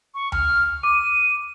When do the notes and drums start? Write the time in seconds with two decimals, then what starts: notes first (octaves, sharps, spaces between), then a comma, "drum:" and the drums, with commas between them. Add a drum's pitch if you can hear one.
0.14 C#6
0.32 F6, drum: tom D2
0.83 D6 D#7